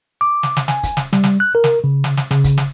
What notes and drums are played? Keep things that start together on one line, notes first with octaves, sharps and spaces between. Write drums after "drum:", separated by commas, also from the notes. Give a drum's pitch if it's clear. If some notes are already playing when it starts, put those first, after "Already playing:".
D6
drum: snare
drum: snare
G#5, drum: snare
drum: kick, hi-hat
drum: snare
G3, drum: snare
drum: snare
F#6
A#4
drum: snare
C#3
drum: snare
drum: snare
C#3, drum: snare
drum: kick, hi-hat
drum: snare